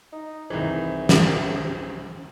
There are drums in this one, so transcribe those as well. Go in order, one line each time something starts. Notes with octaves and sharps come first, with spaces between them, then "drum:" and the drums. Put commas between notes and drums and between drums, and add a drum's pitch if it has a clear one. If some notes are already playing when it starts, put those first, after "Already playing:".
D#4
C2 G#2 D#3 E3
drum: snare